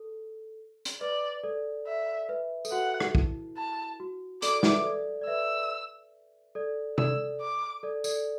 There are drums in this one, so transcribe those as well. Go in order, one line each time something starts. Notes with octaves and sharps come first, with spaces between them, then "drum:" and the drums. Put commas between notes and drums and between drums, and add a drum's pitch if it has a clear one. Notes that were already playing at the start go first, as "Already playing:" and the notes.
Already playing: A4
drum: hi-hat
B4 D5
A4 D5
E5
B4 E5
A4, drum: tambourine
F#4 F#5
drum: rim click
E4, drum: kick
A5
F#4
A4 D5 D6, drum: hi-hat
B4 E5, drum: snare
A4 D5
D5
B4 E5 E6
A4 D5
A4 D5 E6, drum: tom C3
D6
A4 D5
A4 D5, drum: tambourine